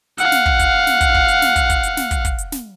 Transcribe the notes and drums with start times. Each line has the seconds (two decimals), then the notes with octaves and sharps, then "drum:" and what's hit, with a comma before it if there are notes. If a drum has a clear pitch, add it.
0.18 F5 F#5, drum: hi-hat
0.32 drum: snare
0.46 drum: kick
0.59 drum: kick, hi-hat
0.87 drum: snare
1.01 drum: kick, hi-hat
1.14 drum: kick
1.28 drum: hi-hat
1.42 drum: snare
1.56 drum: kick, hi-hat
1.70 drum: kick, hi-hat
1.83 drum: hi-hat
1.97 drum: snare
2.11 drum: kick, hi-hat
2.25 drum: kick, hi-hat
2.38 drum: hi-hat
2.52 drum: snare